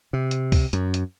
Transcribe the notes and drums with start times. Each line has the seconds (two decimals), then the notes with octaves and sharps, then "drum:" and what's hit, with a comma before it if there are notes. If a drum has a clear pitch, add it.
0.13 C3
0.31 drum: hi-hat
0.52 drum: kick, open hi-hat
0.73 F#2, drum: hi-hat
0.94 drum: hi-hat